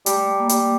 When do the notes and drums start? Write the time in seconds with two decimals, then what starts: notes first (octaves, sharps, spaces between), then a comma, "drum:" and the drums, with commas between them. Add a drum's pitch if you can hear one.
0.06 G3 A3, drum: hi-hat
0.17 A3
0.28 A3
0.39 A#3
0.49 G3 A#3, drum: hi-hat
0.60 A#3